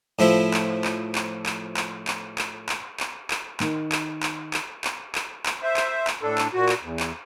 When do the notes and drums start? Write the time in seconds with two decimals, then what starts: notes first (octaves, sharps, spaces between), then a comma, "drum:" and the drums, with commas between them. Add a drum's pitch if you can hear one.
0.19 A2 F3 E4
0.54 drum: clap
0.84 drum: clap
1.15 drum: clap
1.46 drum: clap
1.77 drum: clap
2.08 drum: clap
2.38 drum: clap
2.69 drum: clap
3.00 drum: clap
3.31 drum: clap
3.60 D#3, drum: clap
3.92 drum: clap
4.23 drum: clap
4.54 drum: clap
4.84 drum: clap
5.15 drum: clap
5.46 drum: clap
5.63 C5 E5
5.77 drum: clap
6.07 drum: clap
6.23 A2 D4 A4
6.38 drum: clap
6.53 A#2 F#4
6.69 drum: clap
6.83 E2
7.00 drum: clap